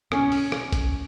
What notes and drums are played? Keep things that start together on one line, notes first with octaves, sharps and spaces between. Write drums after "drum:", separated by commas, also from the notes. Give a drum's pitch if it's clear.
C#4, drum: rim click
drum: open hi-hat
drum: rim click
drum: kick G#1, hi-hat